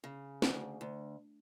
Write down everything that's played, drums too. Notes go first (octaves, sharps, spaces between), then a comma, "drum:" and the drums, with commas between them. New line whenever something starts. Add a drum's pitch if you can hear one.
C#3
D2, drum: snare
D2